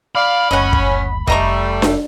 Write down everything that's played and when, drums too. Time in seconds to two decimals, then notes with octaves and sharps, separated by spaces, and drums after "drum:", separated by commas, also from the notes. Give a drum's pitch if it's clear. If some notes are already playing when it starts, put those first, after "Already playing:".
0.15 D5 F5 B5
0.51 F#1 D2 C#4 D#5 F#5
0.73 drum: kick
1.27 F1 G3 A3 D#4 D#5 A#5 C#6, drum: kick
1.82 drum: snare D4